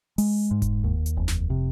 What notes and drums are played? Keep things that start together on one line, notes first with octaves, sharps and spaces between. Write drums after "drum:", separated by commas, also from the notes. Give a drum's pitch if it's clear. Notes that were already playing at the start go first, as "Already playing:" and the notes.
G#3, drum: open hi-hat
G#2
drum: kick F1, hi-hat
D#2
drum: hi-hat
F1
drum: snare
C3